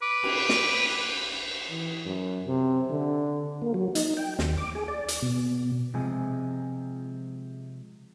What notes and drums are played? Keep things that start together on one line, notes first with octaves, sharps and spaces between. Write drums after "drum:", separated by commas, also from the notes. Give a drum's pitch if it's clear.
B4 D6
drum: cymbal
drum: snare
E3
F#2
C3
D3
A#3
F#3
D#4, drum: hi-hat
G5
D#2, drum: snare
D6
G#4
D5
D6, drum: hi-hat
B2
C3 F3 G#3 G#5